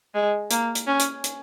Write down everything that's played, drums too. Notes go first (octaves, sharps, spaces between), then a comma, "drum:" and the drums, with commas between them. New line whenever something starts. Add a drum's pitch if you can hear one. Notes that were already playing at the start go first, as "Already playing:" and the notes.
G#3
A#3, drum: hi-hat
drum: hi-hat
C#4
drum: hi-hat
drum: hi-hat